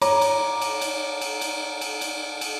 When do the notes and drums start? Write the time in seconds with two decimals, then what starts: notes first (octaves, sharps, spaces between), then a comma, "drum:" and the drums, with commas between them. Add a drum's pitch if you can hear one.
0.02 C#5 A#5 D6, drum: cymbal
0.21 drum: cymbal
0.61 drum: cymbal
0.81 drum: cymbal
1.21 drum: cymbal
1.41 drum: cymbal
1.81 drum: cymbal
2.01 drum: cymbal
2.41 drum: cymbal